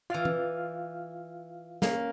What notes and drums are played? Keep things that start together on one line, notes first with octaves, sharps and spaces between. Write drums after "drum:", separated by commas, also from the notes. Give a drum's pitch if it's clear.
E3 F4 D5 F5 F6
drum: tom E3
A#3 C#4, drum: snare